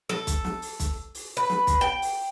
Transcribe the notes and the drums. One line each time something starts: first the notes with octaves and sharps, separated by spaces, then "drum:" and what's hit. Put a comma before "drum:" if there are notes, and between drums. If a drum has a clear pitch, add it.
A4, drum: snare
drum: kick B1, hi-hat
drum: snare
drum: open hi-hat
drum: kick B1, hi-hat
drum: open hi-hat
B4
drum: snare
drum: kick B1, hi-hat
G5
drum: open hi-hat